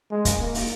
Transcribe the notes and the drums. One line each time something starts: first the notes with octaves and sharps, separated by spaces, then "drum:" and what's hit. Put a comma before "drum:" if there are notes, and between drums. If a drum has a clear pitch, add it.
G#3
drum: kick, hi-hat
A#3
drum: open hi-hat